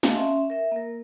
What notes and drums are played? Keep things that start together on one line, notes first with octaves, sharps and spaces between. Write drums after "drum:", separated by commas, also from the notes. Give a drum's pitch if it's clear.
D#5 F5 G#5 A5, drum: snare
C#4 E5 C6
A#4 E5
A#3 A#4